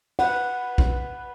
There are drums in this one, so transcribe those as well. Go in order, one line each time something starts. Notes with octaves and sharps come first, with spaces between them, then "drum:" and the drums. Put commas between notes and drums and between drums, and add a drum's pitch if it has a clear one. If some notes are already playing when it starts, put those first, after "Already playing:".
B4 F#5, drum: cymbal
drum: kick